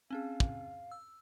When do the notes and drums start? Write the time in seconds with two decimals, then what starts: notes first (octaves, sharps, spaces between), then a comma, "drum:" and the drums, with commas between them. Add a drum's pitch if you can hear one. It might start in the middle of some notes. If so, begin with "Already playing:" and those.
0.10 C4 C#4 G#4 F5
0.40 drum: kick
0.91 E6